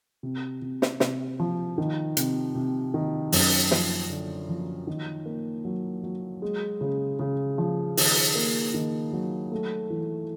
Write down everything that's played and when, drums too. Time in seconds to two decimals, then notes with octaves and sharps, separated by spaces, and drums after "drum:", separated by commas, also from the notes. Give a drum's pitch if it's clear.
0.23 C3
0.62 C3
0.82 drum: snare
1.00 C3, drum: snare
1.40 F3
1.78 D#3
2.17 C3, drum: hi-hat
2.55 C3
2.94 D#3
3.32 F#2, drum: open hi-hat
3.71 F3, drum: snare
4.10 D3
4.49 F3
4.87 D#3
5.26 A#3
5.65 F#3
6.03 F#3
6.42 G#3
6.81 C#3
7.19 C#3
7.58 F3
7.97 D#3, drum: open hi-hat
8.35 A#3
8.74 D#3
9.13 F#3
9.52 A3
9.90 E3